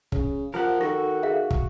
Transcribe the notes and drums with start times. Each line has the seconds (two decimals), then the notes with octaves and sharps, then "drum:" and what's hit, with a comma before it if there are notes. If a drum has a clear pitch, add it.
0.12 C#3, drum: kick
0.54 F3 G4 A#4 F#5
0.81 D#3 F#4 A4 A#6
1.23 G#4 E5 F5
1.51 drum: kick